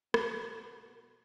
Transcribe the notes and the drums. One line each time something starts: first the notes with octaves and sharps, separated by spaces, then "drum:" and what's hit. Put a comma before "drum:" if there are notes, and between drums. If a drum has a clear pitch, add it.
B2 B3 B4, drum: rim click